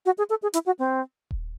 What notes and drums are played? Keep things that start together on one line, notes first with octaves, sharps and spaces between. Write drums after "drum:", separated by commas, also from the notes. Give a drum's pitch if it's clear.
F#4
G#4
A4
G#4
E4, drum: hi-hat
F#4
C4
drum: kick D#1